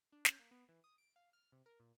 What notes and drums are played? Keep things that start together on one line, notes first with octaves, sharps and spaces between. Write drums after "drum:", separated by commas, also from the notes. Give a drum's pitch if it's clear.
D4
C#4, drum: snare
A#3
B3
E3
D#6
D7
F5
F6
C3
A#4
A#2